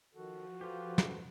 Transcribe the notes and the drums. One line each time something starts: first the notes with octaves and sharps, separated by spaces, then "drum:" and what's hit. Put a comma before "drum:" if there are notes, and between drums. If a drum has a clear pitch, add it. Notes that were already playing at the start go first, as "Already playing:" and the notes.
D#3 F3 F#4 A4
F4 G4 A4 B4 C5
drum: snare